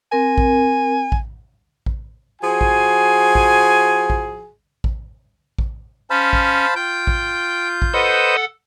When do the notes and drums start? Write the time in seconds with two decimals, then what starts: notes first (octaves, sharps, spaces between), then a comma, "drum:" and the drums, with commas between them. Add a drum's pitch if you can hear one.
0.12 C4 A#4 G#5
0.38 drum: kick A1
1.12 drum: kick A1
1.86 drum: kick A1
2.42 F3 F#4 G#4 G#5
2.61 drum: kick A1
3.35 drum: kick A1
4.10 drum: kick A1
4.84 drum: kick A1
5.59 drum: kick A1
6.10 C#4 C5 F5 A5 B5
6.33 drum: kick A1
6.76 F4 G5 G6
7.07 drum: kick A1
7.82 drum: kick A1
7.94 A4 B4 C5 D#5 F#5